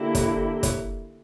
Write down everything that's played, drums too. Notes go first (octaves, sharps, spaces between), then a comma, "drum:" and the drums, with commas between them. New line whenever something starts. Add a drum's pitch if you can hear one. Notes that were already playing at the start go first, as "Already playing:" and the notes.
Already playing: D3 A#3 E4 G4
drum: kick, hi-hat
drum: kick, hi-hat